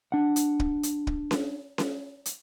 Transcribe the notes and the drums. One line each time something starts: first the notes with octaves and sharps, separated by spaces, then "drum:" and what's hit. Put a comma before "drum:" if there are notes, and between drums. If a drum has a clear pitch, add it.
D4 F#5
drum: hi-hat
drum: kick
drum: hi-hat
drum: kick
drum: snare C#4
drum: snare C#4
drum: hi-hat